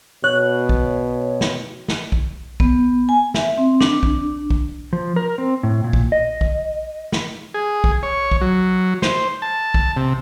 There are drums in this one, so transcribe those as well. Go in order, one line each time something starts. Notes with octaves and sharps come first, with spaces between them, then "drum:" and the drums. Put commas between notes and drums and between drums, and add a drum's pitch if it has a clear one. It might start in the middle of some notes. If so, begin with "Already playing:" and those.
B2 C#5 F#6
drum: kick B1
drum: snare
drum: snare
drum: kick B1
B3, drum: kick B1
G#5
E5, drum: snare
C4
D4, drum: snare
drum: kick B1
drum: kick B1
F3
A#4
C4
A2
A#2
drum: kick B1
D#5
drum: kick B1
drum: snare
G#4
drum: kick B1
C#5
drum: kick B1
F#3
C5, drum: snare
A5
drum: kick B1
C3